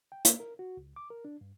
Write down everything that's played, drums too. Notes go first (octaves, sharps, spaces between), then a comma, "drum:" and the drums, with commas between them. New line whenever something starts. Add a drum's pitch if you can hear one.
G5
A#3, drum: hi-hat
A#4
F#4
C#2
D6
A#4
D4
G2